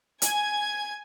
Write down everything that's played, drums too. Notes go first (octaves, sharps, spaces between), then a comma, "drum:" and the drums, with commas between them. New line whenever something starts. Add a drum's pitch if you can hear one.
G#5 G#6, drum: hi-hat